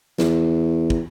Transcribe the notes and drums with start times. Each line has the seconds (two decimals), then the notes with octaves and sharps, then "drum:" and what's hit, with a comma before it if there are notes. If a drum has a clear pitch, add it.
0.18 E2, drum: snare
0.90 drum: kick